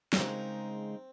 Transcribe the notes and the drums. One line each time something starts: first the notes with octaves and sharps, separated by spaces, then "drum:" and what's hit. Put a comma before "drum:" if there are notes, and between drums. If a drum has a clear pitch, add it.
C#4, drum: snare
C#3 G#3 C4 D#4 A#4